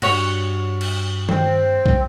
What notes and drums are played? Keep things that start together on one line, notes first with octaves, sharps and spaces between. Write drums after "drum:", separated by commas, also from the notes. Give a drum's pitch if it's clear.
G2 F#4 C#5, drum: cymbal
drum: cymbal
C4, drum: tom D#3
drum: kick